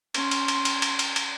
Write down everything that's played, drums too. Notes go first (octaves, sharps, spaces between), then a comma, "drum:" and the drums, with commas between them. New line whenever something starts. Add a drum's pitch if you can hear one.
C#4 C6, drum: cymbal
drum: cymbal
drum: cymbal
drum: cymbal
drum: cymbal
drum: cymbal
drum: cymbal